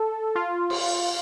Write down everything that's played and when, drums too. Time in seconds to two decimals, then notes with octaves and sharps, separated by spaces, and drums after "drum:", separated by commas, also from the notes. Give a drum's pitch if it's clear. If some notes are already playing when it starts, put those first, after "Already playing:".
Already playing: A4
0.35 F4
0.70 drum: cymbal